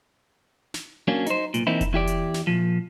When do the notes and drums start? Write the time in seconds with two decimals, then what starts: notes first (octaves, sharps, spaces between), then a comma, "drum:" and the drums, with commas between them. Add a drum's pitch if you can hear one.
0.74 drum: snare
1.08 F#3 A#3 C#4 D4
1.26 D#4 C5, drum: hi-hat
1.54 B1 A#2, drum: hi-hat
1.67 E3 A#3 C4 D#4 E4
1.81 drum: kick F1, hi-hat
1.93 E2 E4 G4 D5
2.07 drum: hi-hat
2.34 drum: snare
2.47 A#2 F3